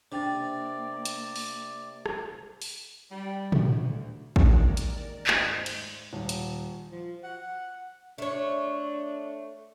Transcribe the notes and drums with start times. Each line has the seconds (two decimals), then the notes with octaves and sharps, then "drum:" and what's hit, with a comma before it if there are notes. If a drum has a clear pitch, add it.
0.12 C3 A#3 D4 D5 G5 A6
1.05 drum: hi-hat
1.36 drum: open hi-hat
2.06 drum: rim click
2.62 drum: open hi-hat
3.10 G3
3.52 drum: tom
3.64 D2
4.36 D#2 G#3 A#4 D5, drum: kick A1
4.77 drum: hi-hat
5.27 G#2 A3 C5 D5 D#5, drum: clap
5.66 drum: cymbal
6.13 D#1
6.29 drum: hi-hat
6.92 F3
7.23 F#5
8.18 A3 D4 C#5